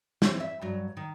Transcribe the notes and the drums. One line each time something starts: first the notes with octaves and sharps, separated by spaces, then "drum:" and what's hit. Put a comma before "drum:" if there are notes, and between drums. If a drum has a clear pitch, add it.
E3 C4, drum: snare
E5
G2 F#3
D#3